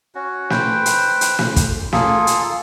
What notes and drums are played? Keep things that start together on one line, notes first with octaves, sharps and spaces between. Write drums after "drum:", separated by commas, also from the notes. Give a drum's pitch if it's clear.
C#4 F#4
B4 C5 G5, drum: snare
drum: hi-hat
drum: hi-hat
drum: snare
drum: kick, hi-hat
A#3 F4 G#4 A4, drum: snare
drum: hi-hat